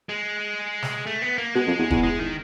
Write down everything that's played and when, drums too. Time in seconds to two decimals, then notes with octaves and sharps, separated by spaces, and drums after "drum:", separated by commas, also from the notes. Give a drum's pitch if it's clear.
0.09 G#3
0.82 drum: snare
1.07 A3
1.22 B3
1.38 A#3
1.55 B2 G#3
1.67 F2
1.79 E2
1.90 E2, drum: kick E1
2.03 G#3
2.19 D#3